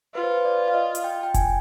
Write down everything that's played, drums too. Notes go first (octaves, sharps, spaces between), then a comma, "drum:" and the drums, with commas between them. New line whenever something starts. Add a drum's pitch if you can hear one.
F4 B4
C5
B4
D5
F5
D#5
drum: hi-hat
G5
G5
G#5, drum: kick F1, hi-hat